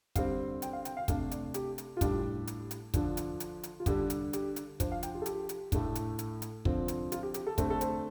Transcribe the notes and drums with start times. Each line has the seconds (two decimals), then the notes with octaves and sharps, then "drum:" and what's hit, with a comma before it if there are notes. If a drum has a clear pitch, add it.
0.16 D3 G3 C4 F5, drum: kick, hi-hat
0.62 G5, drum: hi-hat
0.73 F5
0.85 G5, drum: hi-hat
0.97 F5
1.08 C3 A3 D4 F5, drum: kick, hi-hat
1.31 D5, drum: hi-hat
1.54 G4, drum: hi-hat
1.78 drum: hi-hat
1.97 F4
2.01 A2 G3 D4 G4, drum: kick, hi-hat
2.47 drum: hi-hat
2.71 drum: hi-hat
2.94 D3 F3 D4, drum: kick, hi-hat
3.17 drum: hi-hat
3.40 drum: hi-hat
3.63 drum: hi-hat
3.80 F4
3.86 D3 G3 D4 G4, drum: kick, hi-hat
4.10 drum: hi-hat
4.33 G4, drum: hi-hat
4.56 drum: hi-hat
4.80 F3 D4 C5, drum: kick, hi-hat
4.92 F5
5.03 G5, drum: hi-hat
5.15 F4
5.22 A4
5.26 G4, drum: hi-hat
5.49 drum: hi-hat
5.72 A2 A3 D4, drum: kick, hi-hat
5.95 drum: hi-hat
6.19 drum: hi-hat
6.42 drum: hi-hat
6.65 D3 F3 C4, drum: kick
6.88 drum: hi-hat
7.12 F4, drum: hi-hat
7.23 G4
7.34 G4, drum: hi-hat
7.47 A4
7.58 D3 A3 C4 C5, drum: kick, hi-hat
7.70 A4
7.81 C5, drum: hi-hat